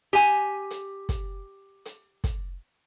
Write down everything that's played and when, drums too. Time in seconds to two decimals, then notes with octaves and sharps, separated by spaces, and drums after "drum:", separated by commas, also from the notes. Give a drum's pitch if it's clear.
0.13 G4 G#5
0.70 drum: hi-hat
1.09 drum: kick, hi-hat
1.85 drum: hi-hat
2.24 drum: kick, hi-hat